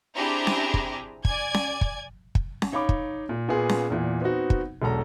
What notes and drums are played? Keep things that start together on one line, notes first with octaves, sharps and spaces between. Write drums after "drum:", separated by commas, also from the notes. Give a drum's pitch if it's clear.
C4 D4 E4 G4 G#4 A#5
drum: snare C#4
drum: kick
D5 G#5 G#6, drum: kick
drum: snare C#4
drum: kick
drum: kick
drum: snare C#4
D#4 C#5 F5 B5 D6
drum: kick
A#2
A#2 A#3 B3 F4 G#4
drum: snare C#4
E2 A#2 E3
B3 C4 D#4 F#4
drum: kick
E1 B1 A4 A#5